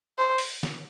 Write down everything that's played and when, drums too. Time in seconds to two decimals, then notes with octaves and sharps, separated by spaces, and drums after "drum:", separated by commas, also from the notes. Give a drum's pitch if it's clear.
0.18 C5
0.38 drum: open hi-hat
0.63 drum: snare